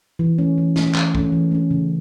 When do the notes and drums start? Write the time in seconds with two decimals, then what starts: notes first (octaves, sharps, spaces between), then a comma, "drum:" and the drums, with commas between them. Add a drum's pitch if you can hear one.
0.19 E3
0.38 A3 C#4
0.58 E3
0.76 A3 C#4, drum: snare
0.95 E3, drum: clap
1.15 A3 C#4, drum: kick
1.32 E3
1.51 A3 C#4
1.71 C#3